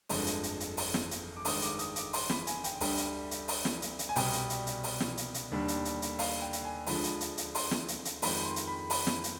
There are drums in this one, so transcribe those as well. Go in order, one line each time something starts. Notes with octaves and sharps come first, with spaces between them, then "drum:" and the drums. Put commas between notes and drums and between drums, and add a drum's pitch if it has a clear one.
G1 F2 D3 G#3, drum: open hi-hat
drum: hi-hat
drum: hi-hat
drum: hi-hat
drum: open hi-hat
drum: snare
drum: hi-hat
D6
G1 G2 D#3 G#3 D#6, drum: open hi-hat
D6, drum: hi-hat
D#6, drum: hi-hat
D6, drum: hi-hat
C6, drum: open hi-hat
B5, drum: snare
G#5, drum: hi-hat
G5, drum: hi-hat
D2 D3 G3, drum: open hi-hat
drum: hi-hat
drum: hi-hat
drum: open hi-hat
drum: snare
drum: hi-hat
drum: hi-hat
G#5
C2 B2 G3 G5, drum: open hi-hat
drum: hi-hat
drum: hi-hat
drum: hi-hat
drum: open hi-hat
drum: snare
drum: hi-hat
drum: hi-hat
D#2 D3 G3
drum: hi-hat
drum: hi-hat
drum: hi-hat
F5, drum: open hi-hat
G5
drum: hi-hat
G#5
D2 D3 F3 G#3 B5, drum: open hi-hat
drum: hi-hat
drum: hi-hat
drum: hi-hat
C6, drum: open hi-hat
drum: snare
drum: hi-hat
drum: hi-hat
F2 D#3 G#3 B5, drum: open hi-hat
C6
drum: hi-hat
B5
B5, drum: open hi-hat
drum: snare
drum: hi-hat